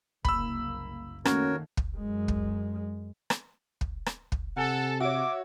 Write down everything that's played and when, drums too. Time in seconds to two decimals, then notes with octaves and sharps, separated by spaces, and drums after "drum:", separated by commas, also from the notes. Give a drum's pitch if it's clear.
0.25 F#1 C2 A#3 B5 E6, drum: kick
1.25 D#3 A3 A#3 C#4 F#4 A#4 C#5, drum: rim click
1.77 drum: kick
1.96 F#2 G#3
2.28 drum: kick
3.30 drum: rim click
3.81 drum: kick
4.06 drum: rim click
4.32 drum: kick
4.57 C3 A4 F#5 G#5
5.00 F#4 C#5 E5 D6